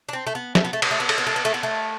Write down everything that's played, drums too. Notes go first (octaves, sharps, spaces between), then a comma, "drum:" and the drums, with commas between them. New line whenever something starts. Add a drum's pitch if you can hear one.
D4
C4
A3
B3
A3, drum: snare
B3
A3
B3, drum: cymbal
A3
B3
A3, drum: cymbal
B3
A3
B3
A3
B3
A3